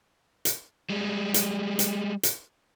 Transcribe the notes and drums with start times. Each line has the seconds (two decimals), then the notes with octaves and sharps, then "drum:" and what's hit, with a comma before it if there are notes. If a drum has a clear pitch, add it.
0.45 drum: hi-hat
0.90 G3 G#3
1.34 drum: hi-hat
1.79 drum: hi-hat
2.23 drum: hi-hat